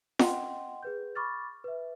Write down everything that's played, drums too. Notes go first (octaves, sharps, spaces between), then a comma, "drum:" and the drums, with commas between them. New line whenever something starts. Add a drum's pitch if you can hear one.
D#5 F#5 G5 C6, drum: snare F4
G#4 B4 G6
B5 C#6 D6 F6 A6
B4 E5